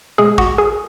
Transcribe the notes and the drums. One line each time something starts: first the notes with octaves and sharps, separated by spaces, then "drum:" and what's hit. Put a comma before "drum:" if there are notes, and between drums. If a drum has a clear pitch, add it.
B2 G#3 G#4
F#4, drum: kick
G#4